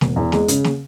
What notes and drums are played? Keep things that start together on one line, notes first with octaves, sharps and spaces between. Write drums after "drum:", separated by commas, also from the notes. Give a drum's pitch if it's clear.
E1, drum: snare
E2
G#3, drum: snare
C#3, drum: hi-hat
drum: snare